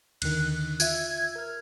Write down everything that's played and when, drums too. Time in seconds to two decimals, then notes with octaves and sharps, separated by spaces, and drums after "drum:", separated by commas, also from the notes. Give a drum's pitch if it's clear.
0.22 D#2 D3 D#3 F#6, drum: cymbal
0.80 F4 E5 E6 G#6, drum: tambourine
1.35 A#4 F6